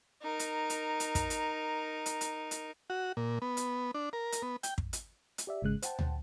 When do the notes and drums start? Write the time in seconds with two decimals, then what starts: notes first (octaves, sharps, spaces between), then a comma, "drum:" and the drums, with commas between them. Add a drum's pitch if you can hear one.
0.22 D#4 A#4
0.39 drum: hi-hat
0.70 drum: hi-hat
1.00 drum: hi-hat
1.15 drum: kick, hi-hat
1.30 drum: hi-hat
2.06 drum: hi-hat
2.21 drum: hi-hat
2.51 drum: hi-hat
2.90 F#4
3.17 A#2
3.42 B3
3.57 drum: hi-hat
3.94 D4
4.13 A#4
4.32 drum: hi-hat
4.42 B3
4.63 G5, drum: hi-hat
4.78 drum: kick
4.93 drum: hi-hat
5.38 drum: hi-hat
5.47 G4 D5 E5
5.62 G#1 C#3 G#3 F#6
5.82 C5 F#5 G5 A5, drum: hi-hat
5.99 drum: tom D2